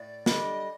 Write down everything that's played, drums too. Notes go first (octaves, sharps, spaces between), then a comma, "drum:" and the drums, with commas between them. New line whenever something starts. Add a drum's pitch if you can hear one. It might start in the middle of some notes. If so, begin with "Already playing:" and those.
Already playing: A2 D5
G3 D4 A4 D#5, drum: snare